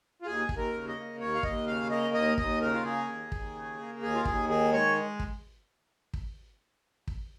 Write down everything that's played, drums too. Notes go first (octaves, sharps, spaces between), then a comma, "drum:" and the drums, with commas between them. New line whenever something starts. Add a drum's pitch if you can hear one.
F4
D#2 G#4
D#2, drum: kick
A#4
C#3
D#5
A#3
D#2 C#5
F5
D#2 D#5, drum: kick
C#3 F5
A#3 D#5
D#2 D#5
D#2 D#5, drum: kick
C#3 A#4
F4
A#3 G#4
D#2
D#2, drum: kick
C#3
A#3
D#2 G#4
F4
D#2 G#4, drum: kick
D#3 G#4
G#3 C#5
drum: kick
drum: kick
drum: kick